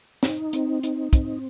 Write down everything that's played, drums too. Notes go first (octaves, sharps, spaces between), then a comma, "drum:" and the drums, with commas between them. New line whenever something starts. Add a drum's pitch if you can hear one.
D#4, drum: snare
C4, drum: hi-hat
D#4, drum: hi-hat
C4, drum: kick, hi-hat